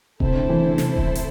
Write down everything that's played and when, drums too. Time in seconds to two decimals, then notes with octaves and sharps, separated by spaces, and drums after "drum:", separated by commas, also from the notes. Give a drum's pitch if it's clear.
0.20 C3 E4 A4 C5, drum: kick D#1
0.34 D3
0.50 E3
0.63 D3
0.78 C3, drum: snare
0.96 drum: kick D#1
1.15 drum: hi-hat